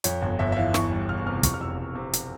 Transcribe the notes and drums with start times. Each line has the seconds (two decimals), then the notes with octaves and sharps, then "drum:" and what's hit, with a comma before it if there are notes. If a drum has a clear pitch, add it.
0.04 F2 C#5, drum: hi-hat
0.22 G1
0.39 G1 E5
0.52 E5
0.56 E3 F5
0.74 E2 C#6, drum: snare
0.91 G3
1.09 E1 F6
1.26 C3 F6
1.43 F2 C#6, drum: kick, hi-hat
1.54 F6
1.61 F1 E6
1.78 F1
1.95 C3
2.13 drum: hi-hat